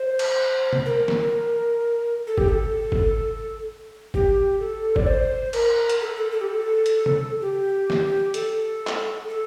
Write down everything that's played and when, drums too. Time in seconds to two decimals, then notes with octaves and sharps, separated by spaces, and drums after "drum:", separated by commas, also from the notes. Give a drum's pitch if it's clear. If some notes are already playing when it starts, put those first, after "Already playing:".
Already playing: C5
0.19 drum: cymbal
0.73 drum: tom
0.86 A#4
1.08 drum: snare
2.27 A4
2.38 G4, drum: kick G1
2.48 A4
2.92 drum: kick G1
4.14 G4, drum: kick G1
4.60 A4
4.96 D5, drum: kick G1
5.07 C5
5.53 A#4, drum: cymbal
5.89 drum: hi-hat
6.01 A4
6.17 A4
6.31 A4
6.41 G4
6.47 A4
6.86 drum: hi-hat
7.06 drum: tom
7.41 G4
7.90 drum: snare
8.34 A4, drum: hi-hat
8.87 drum: clap
9.28 A4